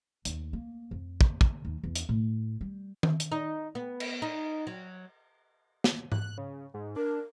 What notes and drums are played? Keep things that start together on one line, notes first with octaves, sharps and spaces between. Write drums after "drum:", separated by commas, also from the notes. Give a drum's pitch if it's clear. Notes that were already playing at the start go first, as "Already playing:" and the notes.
D#2, drum: hi-hat
A#3
F2
drum: kick
D3, drum: kick
D#2
E2
drum: hi-hat
A2
G3
drum: tom D#3
drum: hi-hat
D#4
B3
drum: cymbal
D#4
F#3
drum: snare
F#6, drum: tom G#2
C#3
G#2
D4 A#4